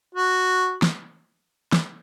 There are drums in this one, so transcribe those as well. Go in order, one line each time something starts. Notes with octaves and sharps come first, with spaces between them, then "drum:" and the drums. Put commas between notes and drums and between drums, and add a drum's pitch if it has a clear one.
F#4
drum: snare
drum: snare